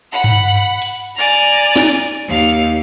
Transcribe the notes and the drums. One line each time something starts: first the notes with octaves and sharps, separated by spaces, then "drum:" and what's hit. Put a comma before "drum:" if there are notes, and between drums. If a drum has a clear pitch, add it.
F#5 B5
drum: tom G2
drum: hi-hat
D5 G#5 A#5
drum: snare
D#2 F5